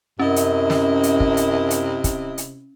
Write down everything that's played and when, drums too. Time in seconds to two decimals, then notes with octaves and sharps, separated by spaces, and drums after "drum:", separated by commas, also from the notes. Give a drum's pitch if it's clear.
0.19 F#2 C3 C#4 E4 D#5
0.36 drum: hi-hat
0.70 drum: snare
1.03 drum: hi-hat
1.20 drum: kick
1.37 drum: hi-hat
1.70 drum: hi-hat
2.04 drum: kick, hi-hat
2.38 drum: hi-hat